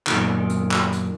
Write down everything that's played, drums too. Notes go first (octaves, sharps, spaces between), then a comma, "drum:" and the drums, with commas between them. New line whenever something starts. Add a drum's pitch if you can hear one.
F#2 A#2 D#3, drum: clap
drum: hi-hat
drum: clap
drum: hi-hat